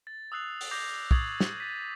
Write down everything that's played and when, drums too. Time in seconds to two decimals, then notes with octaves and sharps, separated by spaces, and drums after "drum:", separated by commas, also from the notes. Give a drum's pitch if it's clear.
0.07 A6
0.32 D#6 E6 F#6 C7 F7
0.61 drum: open hi-hat
0.71 D6 G6 A#6 C7 F7
1.11 C#6 D#6 G#6 A6 C7 F#7, drum: kick
1.40 drum: snare
1.58 A6 B6 D#7